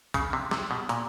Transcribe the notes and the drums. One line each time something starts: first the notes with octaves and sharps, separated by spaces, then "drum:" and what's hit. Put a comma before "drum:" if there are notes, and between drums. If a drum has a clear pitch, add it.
C#3, drum: kick, hi-hat
C3
C3, drum: snare
B2
A#2, drum: hi-hat